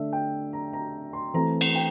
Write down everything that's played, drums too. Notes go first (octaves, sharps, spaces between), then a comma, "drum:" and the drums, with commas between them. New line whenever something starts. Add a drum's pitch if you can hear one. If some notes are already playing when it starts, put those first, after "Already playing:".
Already playing: D3 A3 D4 E5
G5
A#5
A#5
C6
E3 A3 C4 A#5
drum: cymbal
G5